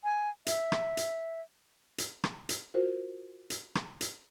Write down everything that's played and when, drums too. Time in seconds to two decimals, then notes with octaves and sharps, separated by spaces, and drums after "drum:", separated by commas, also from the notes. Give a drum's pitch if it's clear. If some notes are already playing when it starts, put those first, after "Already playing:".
0.04 G#5
0.47 E5, drum: hi-hat
0.72 drum: rim click
0.97 drum: hi-hat
1.98 drum: hi-hat
2.24 drum: rim click
2.49 drum: hi-hat
2.74 F4 F#4 A#4 C5
3.50 drum: hi-hat
3.75 drum: rim click
4.01 drum: hi-hat